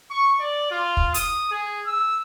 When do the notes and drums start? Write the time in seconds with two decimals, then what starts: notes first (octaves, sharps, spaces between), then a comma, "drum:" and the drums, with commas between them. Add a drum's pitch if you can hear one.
0.11 C#6
0.40 D5
0.71 F4
0.97 drum: kick
1.14 D#6, drum: hi-hat
1.51 G#4
1.86 E6